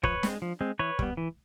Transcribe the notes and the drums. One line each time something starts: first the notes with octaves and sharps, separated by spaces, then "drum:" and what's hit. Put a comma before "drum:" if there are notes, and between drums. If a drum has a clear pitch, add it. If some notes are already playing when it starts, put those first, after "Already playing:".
F3 B4 C#5, drum: kick
G#3 C4, drum: snare
F3
G#3 C4
E3 B4 C#5
G3 B3, drum: kick
E3